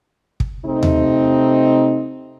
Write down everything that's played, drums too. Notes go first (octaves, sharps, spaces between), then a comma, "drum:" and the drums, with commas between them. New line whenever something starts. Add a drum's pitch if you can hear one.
drum: kick
C3 A3 C4 D#4
drum: tom D#2